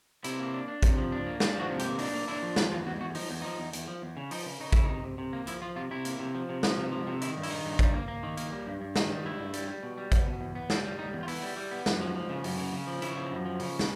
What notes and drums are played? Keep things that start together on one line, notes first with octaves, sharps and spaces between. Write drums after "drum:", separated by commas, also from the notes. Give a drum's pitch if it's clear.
C3 E4, drum: hi-hat
A#3
D4
D4
C3, drum: kick A1, hi-hat
F3
D4
A#3
D4 F4, drum: snare
F3 F#4
C3
G4, drum: hi-hat
A#3
D4 D#4, drum: open hi-hat
A#3
D4 E4
F3
E2 F4, drum: snare
E2 F4
E2 F#4
E2 F#4
F3 D#4, drum: open hi-hat
E2
F3 D#4
E2
E2, drum: hi-hat
F3
E2
C#3
F3 D#4, drum: open hi-hat
C#3
C#3 D#4
C#3 E4, drum: kick A1, hi-hat
C3 D#4
C3
C3
A#3
F3 E4, drum: hi-hat
F3 F4
C3 F4
C3 E4
A#3, drum: hi-hat
C3
F3
C3
F3, drum: snare
C3
F3
C3
D#3 E4, drum: hi-hat
G2
E4, drum: open hi-hat
D#3 D#4
G2
G3, drum: kick A1, hi-hat
A#3
A#3
D#3
A#3, drum: hi-hat
G3
G2
G2
D#3 D#4, drum: snare
G3
G2 E4
G2
G3, drum: hi-hat
G3
B2
G3
B3, drum: kick A1, hi-hat
B2
E2
B3
G3 E4, drum: snare
G3
G3 D#4
E2
F4
B3 E4, drum: open hi-hat
G3
G3
B3
F#2, drum: snare
F3
F3
C#3
F#2, drum: open hi-hat
C#3
C#3
F3
C#3 E4, drum: hi-hat
F3
F#2
F3
C#3, drum: open hi-hat
drum: snare